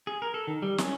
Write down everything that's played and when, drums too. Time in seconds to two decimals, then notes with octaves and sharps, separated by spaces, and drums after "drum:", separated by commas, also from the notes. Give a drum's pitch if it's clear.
0.07 G#4
0.22 A#4
0.34 A4
0.47 D#3
0.62 G3
0.78 C#4, drum: snare